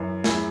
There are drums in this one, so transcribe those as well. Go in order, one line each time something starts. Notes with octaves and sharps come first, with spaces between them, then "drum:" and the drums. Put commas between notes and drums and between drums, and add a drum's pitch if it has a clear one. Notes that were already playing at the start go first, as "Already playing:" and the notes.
Already playing: F#2 E3
E4 G#4, drum: snare